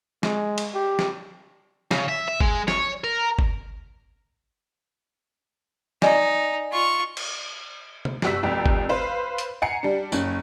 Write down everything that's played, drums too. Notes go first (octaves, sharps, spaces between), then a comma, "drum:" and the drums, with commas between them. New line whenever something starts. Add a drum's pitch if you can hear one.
G#3, drum: snare
drum: cymbal
G4
drum: snare
C#3, drum: snare
E5
E5
G#3, drum: kick G1
C#5, drum: snare
A#4
drum: kick G1
D#4 D5 D#5 G#5, drum: snare
F4 C#6
drum: cymbal
drum: tom
G1 G3 F#4 E6 B6, drum: snare
F1 C2 F2 G4
drum: kick G1
B4 C5 F5
drum: hi-hat
F#5 G#5 A#5 C7 C#7
G3 D4
F#1 C#4, drum: tambourine